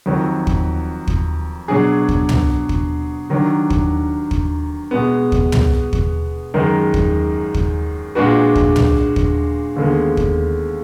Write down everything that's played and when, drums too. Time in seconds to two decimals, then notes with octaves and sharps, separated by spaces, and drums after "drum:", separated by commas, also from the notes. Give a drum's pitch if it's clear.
0.06 F2 D#3 F#3
0.47 drum: kick
1.07 drum: kick
1.68 B2 F#3 D4 G#4
2.09 drum: kick
2.29 drum: tom
2.69 drum: kick
3.30 D#3 F#3 D4
3.70 drum: kick
4.31 drum: kick
4.91 B2 G#3 B3
5.32 drum: kick
5.52 drum: tom
5.93 drum: kick
6.54 F#2 D#3 G#3 D#4 A#4
6.94 drum: kick
7.54 drum: kick
8.15 A#2 G#3 D4 F#4 B4
8.56 drum: kick
8.76 drum: tom
9.16 drum: kick
9.76 D#2 D3 G#3 B3
10.17 drum: kick